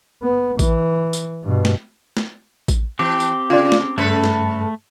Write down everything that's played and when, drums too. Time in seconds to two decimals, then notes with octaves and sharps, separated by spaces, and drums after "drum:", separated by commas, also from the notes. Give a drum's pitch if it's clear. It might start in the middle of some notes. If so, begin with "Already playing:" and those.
0.23 B3
0.59 E3, drum: kick A1, tambourine
1.13 drum: tambourine
1.43 G2 B2
1.65 drum: snare
2.17 drum: snare
2.68 drum: kick A1, tambourine
2.99 E3 C4 G4
3.20 drum: tambourine
3.50 C#3 F4 D5
3.72 drum: snare
3.98 G2 C#3 A3 A4 B4
4.24 drum: snare